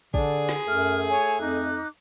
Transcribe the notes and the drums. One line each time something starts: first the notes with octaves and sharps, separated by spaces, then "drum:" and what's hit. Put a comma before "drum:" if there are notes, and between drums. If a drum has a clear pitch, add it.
D3 D4 G#4, drum: kick
drum: snare
F#2 A3 F6
C#5 G#5
F2 D#4 D6 F#6